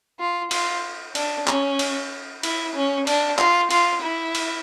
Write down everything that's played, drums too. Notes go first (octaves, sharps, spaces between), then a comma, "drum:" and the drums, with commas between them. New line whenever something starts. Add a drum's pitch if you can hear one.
F4
F4, drum: cymbal
D4, drum: cymbal
C#4, drum: clap
drum: cymbal
E4, drum: cymbal
C#4
D4, drum: cymbal
F4, drum: clap
F4, drum: cymbal
E4
drum: cymbal